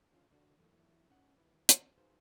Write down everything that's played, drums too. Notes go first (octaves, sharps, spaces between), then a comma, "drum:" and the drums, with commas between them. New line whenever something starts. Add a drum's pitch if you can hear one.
D3 G#3 C#4 F4
D3 D4 F#4
E3 F#3 A3 A#3
G#2 C#4 D#4 F#5
D#3 E4 B4
drum: hi-hat
D#4 F#4 G#4 B4 C5 F5